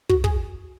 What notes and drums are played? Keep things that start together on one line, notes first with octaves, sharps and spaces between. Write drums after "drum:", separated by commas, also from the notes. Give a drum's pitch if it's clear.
F#4, drum: kick
G#4, drum: kick